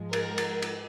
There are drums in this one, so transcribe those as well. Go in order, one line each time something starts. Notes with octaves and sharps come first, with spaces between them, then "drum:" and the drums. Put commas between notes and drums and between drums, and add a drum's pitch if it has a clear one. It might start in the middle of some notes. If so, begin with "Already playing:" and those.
Already playing: G#2 F3 G#3
A#4, drum: cymbal
drum: cymbal
drum: cymbal